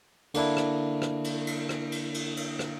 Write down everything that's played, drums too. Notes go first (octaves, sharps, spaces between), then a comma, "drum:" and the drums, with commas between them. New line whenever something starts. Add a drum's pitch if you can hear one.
D3 A#3 D4 E4, drum: cymbal
drum: rim click
drum: rim click
drum: cymbal
drum: cymbal
drum: rim click
drum: cymbal
drum: cymbal
drum: cymbal
drum: rim click